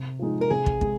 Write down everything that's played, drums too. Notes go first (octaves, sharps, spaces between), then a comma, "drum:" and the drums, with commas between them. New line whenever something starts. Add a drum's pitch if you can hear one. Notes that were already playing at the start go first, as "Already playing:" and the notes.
Already playing: C3
F3 G#3 D#4
A#4
C3 G#4
drum: kick
G#3, drum: kick